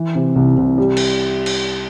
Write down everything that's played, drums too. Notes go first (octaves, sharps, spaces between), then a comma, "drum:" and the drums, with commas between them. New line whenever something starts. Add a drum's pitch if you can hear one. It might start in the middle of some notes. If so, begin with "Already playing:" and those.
Already playing: E3
C3
C2
C2
G3
drum: cymbal
drum: cymbal